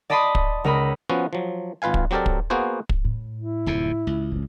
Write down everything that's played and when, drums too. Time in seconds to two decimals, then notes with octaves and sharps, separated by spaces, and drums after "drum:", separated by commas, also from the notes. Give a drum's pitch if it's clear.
0.10 D5 D#5 A5 B5 C6 D#6
0.35 drum: kick
0.64 C#2 A#4 D#5 B5
1.09 F3 B3 C#4 F#4
1.33 F3 F#3
1.82 G#1 F4 B4 F5 G#5
1.94 drum: kick
2.11 F#3 C4 G4 A4 A#4 D5
2.26 drum: kick
2.50 A#3 B3 F#4 G#4 C5
2.89 drum: kick
3.05 A2
3.37 E4
3.66 D1 F2 C3
4.07 C#2
4.32 F3 C#4